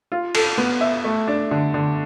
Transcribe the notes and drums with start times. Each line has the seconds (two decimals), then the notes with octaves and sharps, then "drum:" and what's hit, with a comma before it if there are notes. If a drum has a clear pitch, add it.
0.12 F4
0.35 A4, drum: cymbal
0.58 B3
0.81 E5
1.05 A3
1.28 D4
1.51 D3
1.74 D3